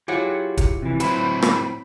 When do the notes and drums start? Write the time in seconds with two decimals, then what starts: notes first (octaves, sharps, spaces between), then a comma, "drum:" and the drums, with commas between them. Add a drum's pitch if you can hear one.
0.08 F#3 E4 F4 G4 G#4 F#5
0.57 drum: kick, hi-hat
0.82 C3 E3
1.00 A2 F#3 C4 E4 B4 B5, drum: hi-hat
1.42 drum: rim click